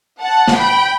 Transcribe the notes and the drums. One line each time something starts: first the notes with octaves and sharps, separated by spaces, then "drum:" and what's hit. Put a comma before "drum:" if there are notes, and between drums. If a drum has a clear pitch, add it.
F#5 A5
drum: snare
G5 B5